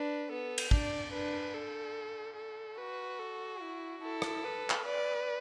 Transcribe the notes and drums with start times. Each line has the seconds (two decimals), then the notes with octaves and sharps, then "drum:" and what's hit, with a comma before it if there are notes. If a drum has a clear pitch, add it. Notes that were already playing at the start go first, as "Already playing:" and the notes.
Already playing: D4 B4
0.30 B3 A4
0.58 drum: cymbal
0.71 D4 D5, drum: kick
1.12 D4 B4
1.55 A4
2.36 A4
2.78 F#4 B4
3.19 A4
3.61 E4
4.03 E4 A4
4.22 drum: rim click
4.45 B4
4.70 drum: clap
4.85 B4 D5